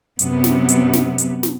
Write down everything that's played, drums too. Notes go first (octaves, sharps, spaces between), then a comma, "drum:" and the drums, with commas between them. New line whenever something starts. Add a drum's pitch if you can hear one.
F#2 C3 B3, drum: hi-hat
drum: snare
drum: hi-hat
drum: snare
drum: hi-hat
drum: snare